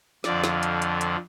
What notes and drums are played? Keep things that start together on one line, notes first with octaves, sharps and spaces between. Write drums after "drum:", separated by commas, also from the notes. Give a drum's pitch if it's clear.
F2 D3 F3 D5, drum: snare
drum: snare
drum: hi-hat
drum: hi-hat
drum: hi-hat